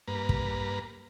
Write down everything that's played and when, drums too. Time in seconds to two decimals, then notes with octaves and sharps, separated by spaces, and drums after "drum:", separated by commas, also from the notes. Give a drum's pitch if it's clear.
0.08 G2 A#3 B4 A#5
0.29 drum: kick